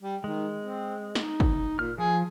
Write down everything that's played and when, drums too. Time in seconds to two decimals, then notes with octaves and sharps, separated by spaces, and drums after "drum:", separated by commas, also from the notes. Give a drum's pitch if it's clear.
0.03 G3
0.24 D#3 G#3
0.60 C4
1.15 D#4, drum: snare
1.40 drum: kick
1.79 A#2 F6
1.98 F3 G#4